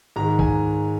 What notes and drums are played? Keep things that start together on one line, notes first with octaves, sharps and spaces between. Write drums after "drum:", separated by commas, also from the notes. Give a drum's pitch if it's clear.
G#2 D#3 G#3 A#5
G#5, drum: kick C2